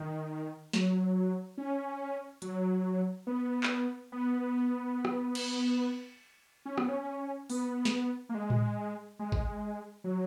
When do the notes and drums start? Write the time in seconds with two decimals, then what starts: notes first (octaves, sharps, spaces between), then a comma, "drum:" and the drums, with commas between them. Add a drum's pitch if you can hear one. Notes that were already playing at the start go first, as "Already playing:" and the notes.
Already playing: D#3
0.73 F#3, drum: snare
1.58 C#4
2.42 F#3, drum: hi-hat
3.27 B3
3.63 drum: clap
4.12 B3
5.05 drum: rim click
5.35 drum: cymbal
6.66 C#4
6.78 B3, drum: rim click
6.88 C#4
7.50 B3, drum: open hi-hat
7.85 drum: snare
8.29 A#3
8.35 G#3
8.50 drum: tom A2
9.19 G#3
9.32 drum: kick G#1
10.04 F#3